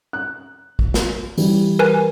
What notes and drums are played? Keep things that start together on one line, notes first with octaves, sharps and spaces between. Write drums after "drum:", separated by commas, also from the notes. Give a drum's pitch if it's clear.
F#6
drum: kick G#1
drum: snare
E3 G3, drum: open hi-hat
A#4 B4 G#5